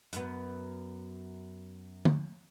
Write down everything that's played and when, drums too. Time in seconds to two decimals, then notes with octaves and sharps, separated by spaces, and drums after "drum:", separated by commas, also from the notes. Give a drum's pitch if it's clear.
0.13 F#2 B3, drum: hi-hat
2.05 drum: tom D3